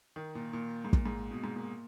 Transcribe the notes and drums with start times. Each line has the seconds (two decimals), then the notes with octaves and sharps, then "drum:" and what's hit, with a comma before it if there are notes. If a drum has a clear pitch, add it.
0.16 D#3
0.35 A#2
0.53 A#2
0.85 G#2
0.93 A#2, drum: kick
1.06 G#2
1.31 B2
1.44 G#2
1.56 A#2